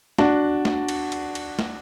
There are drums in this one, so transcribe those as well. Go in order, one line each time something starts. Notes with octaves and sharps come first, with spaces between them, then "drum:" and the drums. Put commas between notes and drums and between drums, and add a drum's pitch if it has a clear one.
D4 F#4, drum: snare
drum: snare
drum: cymbal
drum: cymbal
drum: cymbal
drum: snare